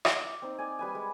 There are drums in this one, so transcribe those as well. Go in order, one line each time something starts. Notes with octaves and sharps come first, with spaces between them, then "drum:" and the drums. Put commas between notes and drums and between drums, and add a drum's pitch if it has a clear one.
drum: rim click
D5
C4 D#4
D5 G#5
G3 B4 G#5
G#3